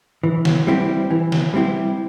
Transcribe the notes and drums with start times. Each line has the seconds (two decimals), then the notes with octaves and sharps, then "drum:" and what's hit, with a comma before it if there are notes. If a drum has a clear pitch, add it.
0.23 E3
0.45 drum: snare
0.67 G3 C4 E4 G4
1.11 E3
1.32 drum: snare
1.54 G3 C4 E4 G4